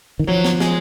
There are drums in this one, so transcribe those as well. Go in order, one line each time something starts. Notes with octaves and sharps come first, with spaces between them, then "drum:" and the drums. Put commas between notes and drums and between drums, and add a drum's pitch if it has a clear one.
D#3
F3 F#3
drum: snare
G#3, drum: snare